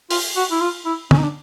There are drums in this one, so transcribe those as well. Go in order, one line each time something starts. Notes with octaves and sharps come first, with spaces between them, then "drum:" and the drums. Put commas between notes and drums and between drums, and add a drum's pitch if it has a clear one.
F4, drum: open hi-hat
F#4
E4
F4
E4
C#4, drum: tom
D#4
D4